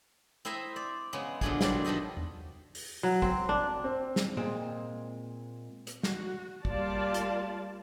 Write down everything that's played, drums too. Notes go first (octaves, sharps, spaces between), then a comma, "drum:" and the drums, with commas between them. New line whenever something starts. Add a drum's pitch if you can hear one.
C4 E4 C5 D#5 E5 A#5
D5
C#3 G#3 B3
A#2 D3 F#3 B3 D4 G#4, drum: kick
B2 F#3 D4 G4 C5 D5, drum: snare
F3 D4 D#4 D#5 E5
drum: tom E2
drum: open hi-hat
F#3
C4, drum: kick
D4
C4
drum: snare
A#2 G#3 C4
drum: hi-hat
F#4, drum: snare
G3 A#3 F4 D5 A5, drum: kick
drum: hi-hat